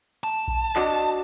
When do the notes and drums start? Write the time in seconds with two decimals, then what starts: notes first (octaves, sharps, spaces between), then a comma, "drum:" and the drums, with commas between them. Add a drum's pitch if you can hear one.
0.24 A5
0.48 drum: kick A#1
0.76 D4 F#4 D#5, drum: clap